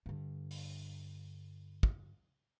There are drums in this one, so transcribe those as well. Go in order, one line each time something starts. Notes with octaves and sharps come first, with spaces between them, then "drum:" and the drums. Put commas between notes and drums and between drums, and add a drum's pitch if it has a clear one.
G2 D3
drum: open hi-hat
drum: kick